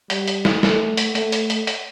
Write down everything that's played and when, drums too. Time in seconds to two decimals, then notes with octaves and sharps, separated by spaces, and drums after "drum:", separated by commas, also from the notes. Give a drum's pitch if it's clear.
0.10 G3, drum: hi-hat
0.28 drum: hi-hat
0.45 drum: snare
0.63 A3, drum: snare
0.97 drum: hi-hat
1.15 A3, drum: hi-hat
1.32 drum: hi-hat
1.50 drum: hi-hat
1.67 drum: hi-hat